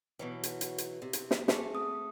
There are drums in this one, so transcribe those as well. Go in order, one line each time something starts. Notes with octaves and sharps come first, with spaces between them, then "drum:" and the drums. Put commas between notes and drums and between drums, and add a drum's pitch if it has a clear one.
B2 E3 F#3 B4 C#5
drum: hi-hat
drum: hi-hat
drum: hi-hat
C3
drum: hi-hat
drum: snare
A3 G#4, drum: snare
C4 D#6